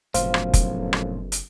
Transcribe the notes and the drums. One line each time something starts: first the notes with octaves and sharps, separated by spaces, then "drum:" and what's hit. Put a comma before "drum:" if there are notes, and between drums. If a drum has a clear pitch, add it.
F#1 B1 F#2 A2 C3 F3 C5 F5, drum: hi-hat
drum: rim click
drum: kick F1, hi-hat
drum: rim click
drum: hi-hat